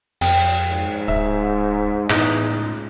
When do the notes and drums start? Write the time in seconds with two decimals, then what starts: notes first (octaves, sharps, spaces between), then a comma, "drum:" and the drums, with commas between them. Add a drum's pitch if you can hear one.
0.21 F2 G5, drum: cymbal
0.70 G#2
1.08 D1 E5
2.10 E2 A2 D#4, drum: clap
2.49 C#2